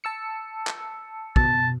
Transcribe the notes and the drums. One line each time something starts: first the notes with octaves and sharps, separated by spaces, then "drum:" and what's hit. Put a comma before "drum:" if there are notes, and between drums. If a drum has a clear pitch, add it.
A5 E6 C#7
drum: clap
B2 A5, drum: kick